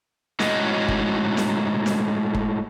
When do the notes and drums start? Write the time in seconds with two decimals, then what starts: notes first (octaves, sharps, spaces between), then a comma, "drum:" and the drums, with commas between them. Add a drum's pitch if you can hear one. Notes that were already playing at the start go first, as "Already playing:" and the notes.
0.40 A2 G#3 C#4 D#4 F#4 D#5, drum: snare
0.88 drum: kick
1.37 drum: snare
1.86 drum: snare
2.34 drum: kick